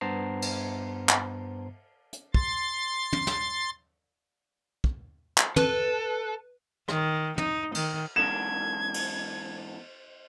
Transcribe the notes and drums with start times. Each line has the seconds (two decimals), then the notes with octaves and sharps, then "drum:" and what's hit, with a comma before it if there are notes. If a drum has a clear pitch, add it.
0.01 G2 B3 C5 A5 A#5 C7
0.42 drum: cymbal
1.09 drum: clap
2.13 drum: hi-hat
2.34 C6 A6, drum: kick
3.13 drum: tom
3.27 drum: snare
4.84 drum: kick
5.38 drum: clap
5.56 A4 B4, drum: tom
6.89 D#3, drum: rim click
7.38 D#4, drum: tom
7.75 D#3, drum: cymbal
8.16 E2 G#2 D4 G#6 E7
8.94 drum: cymbal